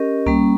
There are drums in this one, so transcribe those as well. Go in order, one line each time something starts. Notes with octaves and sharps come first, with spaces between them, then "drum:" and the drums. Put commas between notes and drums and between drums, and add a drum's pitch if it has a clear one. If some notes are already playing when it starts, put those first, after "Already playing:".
Already playing: C#4 G4 A#4 D#5
G3 A#3 C#4, drum: kick C2